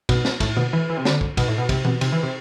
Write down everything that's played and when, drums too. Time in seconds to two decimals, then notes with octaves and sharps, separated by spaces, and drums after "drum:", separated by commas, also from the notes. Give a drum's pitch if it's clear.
0.09 B2, drum: kick, cymbal
0.25 drum: snare
0.40 A2, drum: kick, cymbal
0.56 B2, drum: tom D3
0.73 E3
0.90 E3
0.97 C3
1.05 D3, drum: snare
1.21 drum: kick
1.37 B2, drum: kick, cymbal
1.48 A2
1.58 B2
1.69 C3, drum: kick, cymbal
1.85 B2, drum: tom E3
2.01 C3, drum: cymbal
2.12 E3
2.23 C3